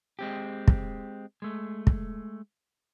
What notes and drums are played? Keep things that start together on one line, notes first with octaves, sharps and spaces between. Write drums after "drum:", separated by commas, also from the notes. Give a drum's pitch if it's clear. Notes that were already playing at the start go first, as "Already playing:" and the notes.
G#3 C4 G4
drum: kick
G#3 A3
drum: kick